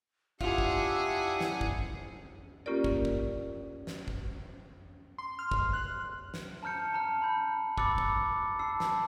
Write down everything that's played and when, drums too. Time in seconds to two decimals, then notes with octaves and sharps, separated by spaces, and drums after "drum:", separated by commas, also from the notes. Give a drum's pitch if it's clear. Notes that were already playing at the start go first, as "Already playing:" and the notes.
0.41 D4 E4 F4 G4 G#4 E5 F#5, drum: kick
0.58 drum: kick
1.41 drum: snare
1.61 drum: kick
2.66 A#3 C#4 F4 G4 A#4 D5
2.84 drum: kick
3.05 drum: kick
3.87 drum: snare
4.08 drum: kick
5.18 C6
5.39 F6
5.51 drum: kick
5.73 F#6
6.34 drum: snare
6.63 A5 A#5 F6 G6 C#7
6.93 A5 A#5 F6
7.22 B5 G6
7.78 B5 D6 E6 F#6 A6 C#7, drum: kick
7.98 drum: kick
8.59 A5 E6 C7
8.80 drum: snare